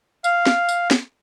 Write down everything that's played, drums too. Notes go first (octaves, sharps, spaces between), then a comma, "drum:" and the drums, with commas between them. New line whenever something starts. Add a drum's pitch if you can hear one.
F5, drum: tambourine
drum: snare
drum: tambourine
drum: snare